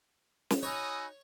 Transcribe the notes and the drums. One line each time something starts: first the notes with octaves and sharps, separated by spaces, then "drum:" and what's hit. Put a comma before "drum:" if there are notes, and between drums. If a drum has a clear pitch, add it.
drum: snare
D#4 F#4 C#5 G#5 B5 D#6 E6